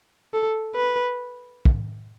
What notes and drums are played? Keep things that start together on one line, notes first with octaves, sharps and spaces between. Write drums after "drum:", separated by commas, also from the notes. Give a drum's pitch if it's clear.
A4
B4
drum: kick